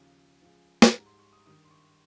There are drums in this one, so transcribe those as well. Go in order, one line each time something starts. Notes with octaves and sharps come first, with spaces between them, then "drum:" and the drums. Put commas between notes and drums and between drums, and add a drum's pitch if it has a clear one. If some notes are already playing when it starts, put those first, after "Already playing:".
Already playing: D#2 C#3 F3 G#5
C#2 C#3 F3
drum: snare
G#2 G3 A#5
C6
C#6
D#6
G2 D#3 G3 D#6
C6
C#6